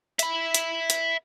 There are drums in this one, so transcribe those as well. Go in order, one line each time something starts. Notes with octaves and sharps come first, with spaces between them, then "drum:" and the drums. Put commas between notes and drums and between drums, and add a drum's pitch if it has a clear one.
E5 B5, drum: hi-hat
drum: hi-hat
drum: hi-hat